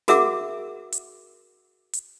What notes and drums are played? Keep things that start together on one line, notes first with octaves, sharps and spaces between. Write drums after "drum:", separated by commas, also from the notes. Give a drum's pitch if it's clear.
F#4 G#4 A#4 E5 F#5 D6, drum: snare
drum: hi-hat
drum: hi-hat